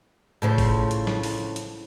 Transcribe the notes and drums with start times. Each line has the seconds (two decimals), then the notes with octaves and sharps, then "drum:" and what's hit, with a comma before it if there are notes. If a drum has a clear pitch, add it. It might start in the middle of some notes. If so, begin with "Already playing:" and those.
0.42 A2 C#3 F3
0.58 drum: kick G1, open hi-hat
0.91 drum: hi-hat
1.07 drum: snare
1.23 drum: open hi-hat
1.56 drum: hi-hat